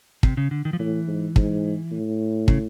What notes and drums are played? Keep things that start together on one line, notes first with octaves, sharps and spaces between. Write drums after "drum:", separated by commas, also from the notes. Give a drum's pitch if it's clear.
C3, drum: kick
C#3
D3
D#3
F3
A2 E3
G#2
G#2, drum: kick
A2
C#3, drum: kick